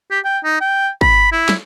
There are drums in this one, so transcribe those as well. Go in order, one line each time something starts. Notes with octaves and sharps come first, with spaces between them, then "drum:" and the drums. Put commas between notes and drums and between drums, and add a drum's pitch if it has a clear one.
G4
G5
D#4
G5
B5, drum: kick
E4
drum: snare